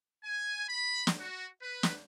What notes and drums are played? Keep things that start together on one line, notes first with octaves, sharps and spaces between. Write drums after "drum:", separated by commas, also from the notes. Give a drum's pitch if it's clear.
G#5
B5
drum: snare
F#4
B4
drum: snare